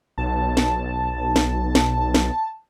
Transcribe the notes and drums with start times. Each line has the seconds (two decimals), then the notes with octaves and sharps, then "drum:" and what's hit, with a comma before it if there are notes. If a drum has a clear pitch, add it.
0.18 B1 A5
0.57 drum: snare
1.36 drum: snare
1.75 drum: snare
2.14 drum: snare